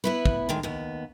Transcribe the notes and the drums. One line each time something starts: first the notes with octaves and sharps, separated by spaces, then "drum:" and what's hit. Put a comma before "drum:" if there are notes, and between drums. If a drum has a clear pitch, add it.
B3 E4 B4
drum: kick
A2 D#3 G#3
D#2 B3